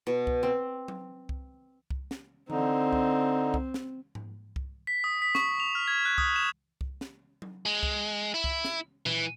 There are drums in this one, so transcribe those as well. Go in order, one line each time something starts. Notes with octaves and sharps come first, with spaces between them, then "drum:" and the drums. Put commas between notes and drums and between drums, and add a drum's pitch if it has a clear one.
B2
drum: kick C2
C4
drum: tom F#3
drum: kick C2
drum: kick C2
drum: snare
D3 C4 D#4, drum: tom E3
drum: kick C2
drum: kick C2
drum: snare
drum: tom G#2
drum: kick C2
B6
D#6
B6
C#6, drum: snare
F7
F6
G#6
F#6
D#6, drum: kick C2
E7
drum: kick C2
drum: snare
drum: tom F#3
G#3
drum: kick C2
E4
drum: kick C2
drum: snare
E3, drum: tom A#2